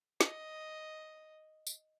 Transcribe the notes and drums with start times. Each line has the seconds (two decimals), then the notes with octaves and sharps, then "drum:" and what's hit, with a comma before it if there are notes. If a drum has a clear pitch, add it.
0.21 D#5, drum: snare
1.67 drum: tambourine